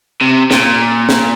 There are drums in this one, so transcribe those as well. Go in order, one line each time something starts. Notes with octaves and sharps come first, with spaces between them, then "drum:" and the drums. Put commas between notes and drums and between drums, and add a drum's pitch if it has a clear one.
C3
A#2, drum: snare
drum: snare